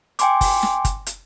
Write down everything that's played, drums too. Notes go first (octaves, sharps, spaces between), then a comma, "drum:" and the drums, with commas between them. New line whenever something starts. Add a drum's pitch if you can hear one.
G5 G#5 C6 D6, drum: hi-hat
drum: kick, open hi-hat
drum: snare
drum: kick, hi-hat
drum: hi-hat